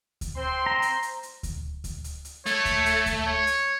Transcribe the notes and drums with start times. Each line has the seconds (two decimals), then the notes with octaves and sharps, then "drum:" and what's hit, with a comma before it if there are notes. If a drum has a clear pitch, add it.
0.21 drum: kick D2, hi-hat
0.37 C4 C5 C6
0.66 A#5
0.82 drum: hi-hat
1.03 drum: hi-hat
1.23 drum: hi-hat
1.43 drum: kick D2, hi-hat
1.84 drum: kick D2, hi-hat
2.04 drum: hi-hat
2.25 drum: hi-hat
2.46 A3 C#5, drum: hi-hat
2.65 drum: kick D2, hi-hat
2.86 drum: hi-hat
3.06 drum: kick D2, hi-hat
3.26 C#5
3.47 drum: hi-hat